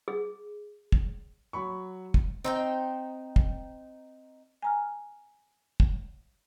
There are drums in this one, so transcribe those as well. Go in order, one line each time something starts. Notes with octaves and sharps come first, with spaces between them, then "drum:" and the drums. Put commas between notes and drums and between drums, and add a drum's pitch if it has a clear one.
G#4
drum: kick
F#3 B5 C#6
drum: kick
C4 D#4 C5 G5
drum: kick
G#5 A#5 F6
drum: kick